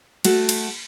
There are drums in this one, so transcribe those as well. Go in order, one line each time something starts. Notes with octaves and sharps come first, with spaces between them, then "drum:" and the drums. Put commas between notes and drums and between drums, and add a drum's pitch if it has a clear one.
A3 F#4 A4, drum: cymbal
drum: cymbal